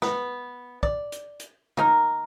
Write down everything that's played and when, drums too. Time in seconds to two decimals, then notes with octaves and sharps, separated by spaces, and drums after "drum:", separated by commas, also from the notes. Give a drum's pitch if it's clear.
0.02 B3, drum: snare
0.83 D5, drum: kick
1.12 drum: hi-hat
1.40 drum: hi-hat
1.77 A#3 D#4 A#4, drum: tom